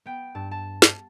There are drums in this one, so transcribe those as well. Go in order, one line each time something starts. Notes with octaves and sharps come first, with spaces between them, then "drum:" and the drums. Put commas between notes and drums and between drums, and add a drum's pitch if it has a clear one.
B3 G5
G2 A5
A5
drum: snare